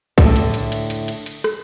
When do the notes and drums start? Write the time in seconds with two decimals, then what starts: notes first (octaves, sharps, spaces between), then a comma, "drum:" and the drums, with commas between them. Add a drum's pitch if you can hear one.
0.18 A2 D3 E5, drum: kick B1, cymbal
0.36 drum: cymbal
0.54 drum: cymbal
0.72 drum: cymbal
0.90 drum: cymbal
1.08 drum: cymbal
1.26 drum: cymbal
1.44 drum: rim click